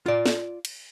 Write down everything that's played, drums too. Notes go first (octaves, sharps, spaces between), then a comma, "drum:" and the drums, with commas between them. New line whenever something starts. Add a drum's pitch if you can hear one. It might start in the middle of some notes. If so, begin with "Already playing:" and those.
F4 D5
drum: snare
drum: cymbal